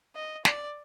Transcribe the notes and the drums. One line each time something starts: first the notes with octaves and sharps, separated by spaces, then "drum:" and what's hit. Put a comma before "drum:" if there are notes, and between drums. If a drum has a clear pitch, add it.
D#5
D5, drum: snare